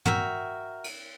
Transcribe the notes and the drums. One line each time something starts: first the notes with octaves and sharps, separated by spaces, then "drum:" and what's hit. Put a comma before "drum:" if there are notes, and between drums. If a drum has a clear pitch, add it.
F#4 A#4 E5 G5, drum: tom
drum: cymbal